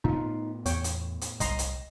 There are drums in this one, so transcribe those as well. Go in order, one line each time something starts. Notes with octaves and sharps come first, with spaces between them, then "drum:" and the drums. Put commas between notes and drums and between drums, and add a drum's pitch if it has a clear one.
A2 B3 D#4 F4
E2 C#5 G5, drum: hi-hat
drum: hi-hat
drum: hi-hat
C2 D#5 A#5 C6, drum: kick, hi-hat
drum: hi-hat